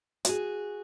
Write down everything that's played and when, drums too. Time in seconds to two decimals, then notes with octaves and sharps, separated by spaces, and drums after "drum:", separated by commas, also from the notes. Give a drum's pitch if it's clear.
0.25 F#4 G#4, drum: hi-hat